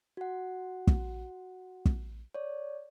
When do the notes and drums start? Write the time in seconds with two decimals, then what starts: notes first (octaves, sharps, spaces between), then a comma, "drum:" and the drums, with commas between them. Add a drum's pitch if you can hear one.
0.17 F#4 F#5
0.87 drum: kick
1.85 drum: kick
2.35 C#5 D5